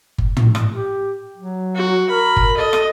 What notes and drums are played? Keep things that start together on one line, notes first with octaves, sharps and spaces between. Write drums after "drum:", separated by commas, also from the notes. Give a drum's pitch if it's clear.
drum: kick G1
drum: tom
drum: rim click
G4
F#3
F#4
A#4 B5
drum: kick G1
A4 D#5
drum: rim click